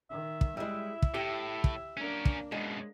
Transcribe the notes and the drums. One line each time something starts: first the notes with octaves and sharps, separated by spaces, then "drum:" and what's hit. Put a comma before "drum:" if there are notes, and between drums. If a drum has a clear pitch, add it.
D#3 E5
drum: kick
G3 G#3 E4 E5
drum: kick
A2 G4
drum: kick
A#3 C#4 D4 A#4
drum: kick
F#2 B2 G#3